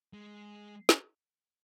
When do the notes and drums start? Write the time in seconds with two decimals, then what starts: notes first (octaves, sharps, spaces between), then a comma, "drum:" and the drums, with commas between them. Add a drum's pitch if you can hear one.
0.13 G#3
0.89 drum: snare